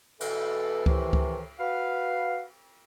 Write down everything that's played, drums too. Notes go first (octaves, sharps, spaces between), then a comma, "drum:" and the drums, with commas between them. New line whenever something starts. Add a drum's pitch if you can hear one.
B2 E3 A4, drum: cymbal
A2 C3 D#3 E3, drum: kick C#2
drum: kick C#2
F#4 B4 F5